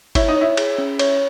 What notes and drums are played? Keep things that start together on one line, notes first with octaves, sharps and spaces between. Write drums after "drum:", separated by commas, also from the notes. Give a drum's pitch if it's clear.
E4 C#5, drum: kick G1, cymbal
D#4
E4 C#5
G#4, drum: cymbal
C#4
C#5, drum: cymbal